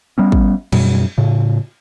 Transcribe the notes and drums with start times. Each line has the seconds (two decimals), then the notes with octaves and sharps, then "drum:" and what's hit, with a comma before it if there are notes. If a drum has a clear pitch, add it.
0.18 G3 B3 C#4
0.32 drum: kick
0.72 F#2 B2 G3, drum: cymbal
1.18 A2 C#3